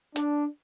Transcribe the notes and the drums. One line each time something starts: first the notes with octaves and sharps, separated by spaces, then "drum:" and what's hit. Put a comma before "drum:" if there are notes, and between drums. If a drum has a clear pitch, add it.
D4, drum: hi-hat